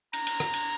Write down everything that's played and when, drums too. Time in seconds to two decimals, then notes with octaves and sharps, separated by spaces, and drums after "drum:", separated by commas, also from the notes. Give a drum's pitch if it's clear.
0.13 A#5, drum: cymbal
0.27 drum: cymbal
0.40 drum: rim click
0.53 drum: cymbal